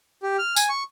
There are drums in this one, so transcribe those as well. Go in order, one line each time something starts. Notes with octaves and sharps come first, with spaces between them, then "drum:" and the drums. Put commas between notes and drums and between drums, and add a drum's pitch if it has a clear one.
G4
F6
G#5, drum: tambourine
C#6